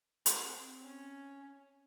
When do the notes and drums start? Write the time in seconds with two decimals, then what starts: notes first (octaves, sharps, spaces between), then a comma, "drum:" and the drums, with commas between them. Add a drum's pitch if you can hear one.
0.26 C4, drum: hi-hat
0.53 C4
0.83 C#4